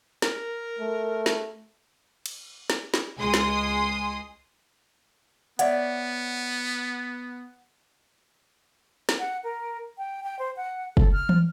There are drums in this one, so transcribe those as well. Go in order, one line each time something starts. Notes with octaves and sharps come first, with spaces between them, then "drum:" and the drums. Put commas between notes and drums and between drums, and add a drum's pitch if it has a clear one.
A#4, drum: snare
A3
drum: snare
drum: cymbal
drum: snare
drum: snare
C#2 G#3 G#5 C6 D#6
drum: snare
B3 C#5 D5 E5 F#5, drum: hi-hat
drum: snare
F#5
A#4
G5
G5
C5
F#5
A4, drum: kick
F6
drum: tom